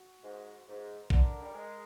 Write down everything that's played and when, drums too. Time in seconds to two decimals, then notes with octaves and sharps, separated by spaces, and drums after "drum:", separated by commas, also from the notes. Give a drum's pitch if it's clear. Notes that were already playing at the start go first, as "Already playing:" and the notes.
Already playing: F#4
0.23 G#2
0.68 G#2
1.10 D3 A#4, drum: kick A#1
1.42 G3
1.54 G#3